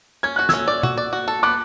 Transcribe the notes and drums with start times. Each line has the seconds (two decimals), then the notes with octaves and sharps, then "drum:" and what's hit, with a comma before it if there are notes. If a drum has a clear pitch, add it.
0.23 C#4 G#6
0.36 F#4 F#6
0.49 C#4 E6 G#6, drum: snare
0.68 D5
0.83 F#4, drum: tom B2
0.97 D5
1.13 F#4
1.28 A4
1.43 B3 D6 F#6